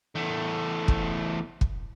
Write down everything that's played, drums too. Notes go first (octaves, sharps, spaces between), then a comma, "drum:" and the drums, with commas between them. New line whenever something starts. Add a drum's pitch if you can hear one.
E2 A3
drum: kick
drum: kick